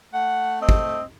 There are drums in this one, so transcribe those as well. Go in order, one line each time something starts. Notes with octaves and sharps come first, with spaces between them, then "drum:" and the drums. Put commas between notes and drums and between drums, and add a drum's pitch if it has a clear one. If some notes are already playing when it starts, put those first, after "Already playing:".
A3 F#5
C4 D#5
drum: kick